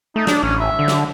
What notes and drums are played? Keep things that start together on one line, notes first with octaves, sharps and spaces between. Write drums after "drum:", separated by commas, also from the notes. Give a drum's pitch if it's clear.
A3 D#4
D4, drum: snare
A1 C#4
E5
D3
drum: snare